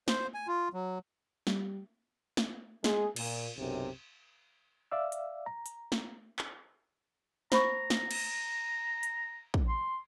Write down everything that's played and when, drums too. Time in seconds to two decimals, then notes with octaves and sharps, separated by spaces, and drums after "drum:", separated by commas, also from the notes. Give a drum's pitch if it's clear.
0.08 C5, drum: snare
0.34 G#5
0.47 F4
0.73 F#3
1.47 G3, drum: snare
2.37 drum: snare
2.84 G#3 G#4, drum: snare
3.16 A#2, drum: cymbal
3.58 B1 F#2 C3
4.91 D5 E5 F5 E6
5.12 drum: hi-hat
5.46 A#5
5.66 drum: hi-hat
5.92 drum: snare
6.39 drum: clap
7.52 C5 A#5 B5 C#6, drum: snare
7.90 drum: snare
8.11 drum: cymbal
9.03 drum: hi-hat
9.54 drum: kick
9.68 C6